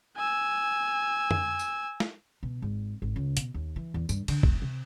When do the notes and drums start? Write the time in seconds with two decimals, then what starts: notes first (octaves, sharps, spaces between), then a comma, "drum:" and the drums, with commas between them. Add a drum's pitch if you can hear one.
0.17 G#5 E6
1.31 drum: tom F2
1.59 drum: tambourine
2.00 drum: snare
2.43 B2
2.62 G#1
3.02 G#1
3.16 C#2
3.37 B2, drum: hi-hat
3.54 D#2
3.76 E3
3.94 E2
4.09 G2, drum: tambourine
4.28 D3, drum: cymbal
4.43 E1, drum: kick A#1
4.62 C3